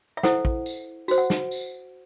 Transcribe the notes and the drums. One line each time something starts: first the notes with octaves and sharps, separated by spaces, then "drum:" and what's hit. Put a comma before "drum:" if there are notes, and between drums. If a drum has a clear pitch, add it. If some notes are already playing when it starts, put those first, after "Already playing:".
E5
E4 A4 C5 F#5, drum: snare
drum: kick
drum: tambourine
F#4 C5, drum: tambourine
F#5
drum: snare
drum: tambourine